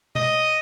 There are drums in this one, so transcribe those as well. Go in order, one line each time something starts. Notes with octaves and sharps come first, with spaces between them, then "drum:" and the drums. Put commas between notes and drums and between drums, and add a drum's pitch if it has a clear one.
D#5, drum: tom B2